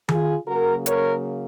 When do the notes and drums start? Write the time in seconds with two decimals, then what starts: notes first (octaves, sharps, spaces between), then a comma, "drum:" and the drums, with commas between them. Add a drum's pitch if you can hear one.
0.09 F4 G#4, drum: tom D#3
0.47 C#3 F#3 A#3 F#4 A#4
0.86 A#4 C#5, drum: hi-hat